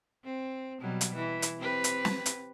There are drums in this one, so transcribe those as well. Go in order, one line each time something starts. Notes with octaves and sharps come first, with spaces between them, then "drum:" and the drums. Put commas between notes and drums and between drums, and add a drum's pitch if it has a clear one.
C4
B2 F#3 G3
drum: hi-hat
E3
drum: hi-hat
C4 G4 B4
drum: hi-hat
drum: snare
drum: hi-hat